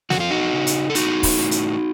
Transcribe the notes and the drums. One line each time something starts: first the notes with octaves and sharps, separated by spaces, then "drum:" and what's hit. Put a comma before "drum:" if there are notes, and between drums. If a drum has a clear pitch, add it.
F2 F#4, drum: snare
F4
D#4 F#4
C#3
drum: hi-hat
A4
A2 D#4 F#4, drum: hi-hat
drum: kick, open hi-hat
A2
drum: hi-hat